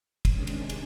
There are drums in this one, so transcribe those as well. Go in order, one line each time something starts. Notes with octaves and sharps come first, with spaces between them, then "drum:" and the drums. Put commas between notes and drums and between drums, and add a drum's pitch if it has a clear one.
C3 D#3 G#3 C#4 D4, drum: kick, cymbal
drum: cymbal
drum: cymbal